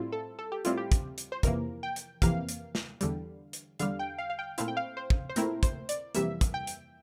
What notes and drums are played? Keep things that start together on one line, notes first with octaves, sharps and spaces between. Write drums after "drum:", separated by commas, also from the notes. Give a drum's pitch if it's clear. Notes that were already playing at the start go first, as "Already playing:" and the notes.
Already playing: A2 G3 C4 E4 F4
A4
A4
G4
A2 G3 C4 E4 F4, drum: hi-hat
G4
drum: kick, hi-hat
drum: hi-hat
C5
F2 C3 E3 A#3 A#4, drum: kick, hi-hat
G5
drum: hi-hat
F2 C3 E3 A#3 F5, drum: kick, hi-hat
drum: hi-hat
drum: snare
E2 D3 G3, drum: hi-hat
drum: hi-hat
E2 D3 G3 F5, drum: hi-hat
G5
F5
F5
G5
A#2 A3 C4 E4 F5, drum: hi-hat
G5
F5
C5
drum: kick
C5
A#2 A3 C4 E4 A#4, drum: hi-hat
C5, drum: kick, hi-hat
D5, drum: hi-hat
F2 C3 E3 G3 A#3 E5, drum: hi-hat
drum: kick, hi-hat
G5
drum: hi-hat